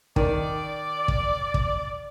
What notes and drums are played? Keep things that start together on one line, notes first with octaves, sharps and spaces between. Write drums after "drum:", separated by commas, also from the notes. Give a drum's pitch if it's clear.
D#3 D5, drum: kick
drum: kick
drum: kick